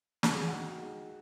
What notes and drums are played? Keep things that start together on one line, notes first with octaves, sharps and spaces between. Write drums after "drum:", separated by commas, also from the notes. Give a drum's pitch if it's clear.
D#3 F#4, drum: snare
G#4
D#3 F#4
G#3